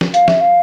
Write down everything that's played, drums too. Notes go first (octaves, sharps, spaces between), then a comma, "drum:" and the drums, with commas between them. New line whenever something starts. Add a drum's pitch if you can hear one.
drum: snare
F5, drum: hi-hat
E5, drum: snare
F5